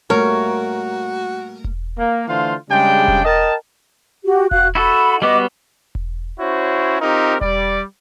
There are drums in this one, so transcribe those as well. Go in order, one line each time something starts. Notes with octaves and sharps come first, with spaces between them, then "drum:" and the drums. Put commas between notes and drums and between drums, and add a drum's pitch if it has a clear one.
G3 A3 A#3 F#4 A#4 C#5
drum: kick E1
A#3
D3 E3 A3 F4 C5 F5
C#3 G3 G#3 D4 G5
drum: kick E1
A#4 D#5 G5 A5
F#4 G4
F#4 F5 F#6, drum: kick E1
E4 F#4 A4 B5
G3 B3 F#4 D#5 D6
drum: kick E1
C#4 E4 F#4 C5 C#5
C4 D#4 F4 G4 A#4
G3 D5, drum: kick E1